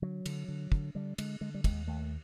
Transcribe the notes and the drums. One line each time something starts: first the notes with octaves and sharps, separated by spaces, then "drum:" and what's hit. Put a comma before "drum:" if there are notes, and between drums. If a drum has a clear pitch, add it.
D3 F#3
D3, drum: cymbal
D3
D3, drum: kick
D3 G3
D3 G#3, drum: cymbal
D3 G#3
G3
D#2 G#3, drum: kick, cymbal
D#2 A3